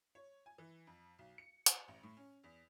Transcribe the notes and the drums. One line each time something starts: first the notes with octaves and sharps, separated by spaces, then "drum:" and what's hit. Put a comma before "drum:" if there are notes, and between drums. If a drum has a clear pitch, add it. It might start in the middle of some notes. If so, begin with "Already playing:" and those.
C#5
G#5
E3
F2
B1
C#7
C#7, drum: hi-hat
A1
A2
C#4
E2